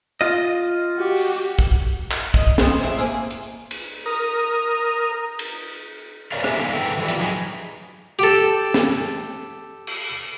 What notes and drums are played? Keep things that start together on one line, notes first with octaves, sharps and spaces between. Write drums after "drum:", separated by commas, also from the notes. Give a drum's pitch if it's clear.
F4 D#5
F#4 G4
drum: open hi-hat
drum: kick
drum: clap
D#5, drum: kick
B3 C5, drum: snare
A2 E4 C5 E5
A#3 G#4, drum: tambourine
drum: hi-hat
drum: cymbal
A#4 D#6
drum: cymbal
A#4 B4 C#5 D5 F5
G4 G#4 E5 G#5, drum: rim click
B3 D4 D#4 A4 F5
G#4 A4 B4 F#5 G5
E3 F3 G3 E4
drum: hi-hat
F#3 D#4 F4 G#4 B4
G4 A4
drum: snare
drum: cymbal